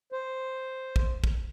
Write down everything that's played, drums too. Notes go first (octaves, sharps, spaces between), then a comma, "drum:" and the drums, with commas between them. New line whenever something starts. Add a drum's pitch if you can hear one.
C5
drum: kick
drum: kick